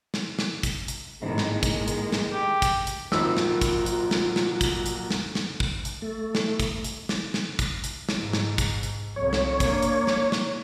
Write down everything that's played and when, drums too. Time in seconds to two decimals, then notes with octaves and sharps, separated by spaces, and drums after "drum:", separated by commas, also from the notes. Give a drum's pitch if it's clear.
0.14 drum: snare
0.39 drum: snare
0.63 drum: kick, hi-hat
0.88 drum: hi-hat
1.22 G#1 A2 D#3 G#3 A#3 G#4
1.38 drum: snare
1.63 drum: kick, hi-hat
1.88 drum: hi-hat
2.12 drum: snare
2.32 G4
2.62 drum: kick, hi-hat
2.87 drum: hi-hat
3.12 G#1 F2 A#2 F#3 F4 A#4 E6, drum: snare
3.37 drum: snare
3.61 drum: kick, hi-hat
3.86 drum: hi-hat
4.11 drum: snare
4.36 drum: snare
4.61 drum: kick, hi-hat
4.86 drum: hi-hat
5.11 drum: snare
5.35 drum: snare
5.60 drum: kick
5.85 drum: hi-hat
6.02 A3
6.35 drum: snare
6.60 drum: kick, hi-hat
6.84 drum: hi-hat
7.09 drum: snare
7.34 drum: snare
7.59 drum: kick, hi-hat
7.84 drum: hi-hat
8.09 drum: snare
8.18 G#2
8.33 drum: snare
8.58 drum: kick, hi-hat
8.83 drum: hi-hat
9.16 C2 F2 C#5
9.33 drum: snare
9.60 A#3 D4, drum: kick, hi-hat
9.82 drum: hi-hat
10.07 drum: snare
10.32 drum: snare